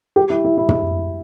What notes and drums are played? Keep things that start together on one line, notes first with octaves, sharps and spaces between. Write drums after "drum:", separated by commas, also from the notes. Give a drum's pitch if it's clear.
G4
E4
E4
E4
drum: tom